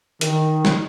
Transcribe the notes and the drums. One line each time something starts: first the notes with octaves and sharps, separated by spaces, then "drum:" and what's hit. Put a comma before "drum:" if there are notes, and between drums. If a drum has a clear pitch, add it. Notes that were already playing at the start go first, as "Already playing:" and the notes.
D#3, drum: hi-hat
drum: snare